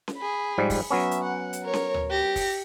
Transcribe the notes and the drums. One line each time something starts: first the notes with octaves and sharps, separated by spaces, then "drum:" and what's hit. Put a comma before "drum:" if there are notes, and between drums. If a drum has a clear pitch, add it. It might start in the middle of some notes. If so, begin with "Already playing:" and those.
drum: snare C#4
G#4 B5
G#2 F3 G3
drum: kick, open hi-hat
F#3 B3 C#4 E5
drum: hi-hat
F#5
drum: hi-hat
A#4 C#5
drum: snare C#4
drum: tom D2
G4 A#6
drum: kick, open hi-hat